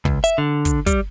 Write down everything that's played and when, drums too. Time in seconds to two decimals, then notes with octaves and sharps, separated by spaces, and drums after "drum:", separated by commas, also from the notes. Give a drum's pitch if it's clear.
0.05 C#2, drum: kick
0.24 E5, drum: hi-hat
0.38 D3
0.65 drum: kick, hi-hat
0.86 G3, drum: kick, hi-hat